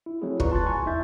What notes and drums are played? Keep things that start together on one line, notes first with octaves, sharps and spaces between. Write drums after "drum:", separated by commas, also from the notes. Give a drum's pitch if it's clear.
E4
F#3 A3 C4 E4 G#4
F4 G#4 B4 D5 A#5 C#6, drum: kick
A5 C6 C#6 F#6 A6
G#5 A#5 C6 C#6
E2 D#4 E4 E5 G6 A6